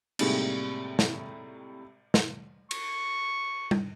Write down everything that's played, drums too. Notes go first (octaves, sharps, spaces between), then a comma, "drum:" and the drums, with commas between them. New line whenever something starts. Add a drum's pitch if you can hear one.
A2 C3 G3 G#3 A#3 D#4, drum: cymbal
drum: snare
drum: snare
C#6, drum: cymbal
drum: tom G3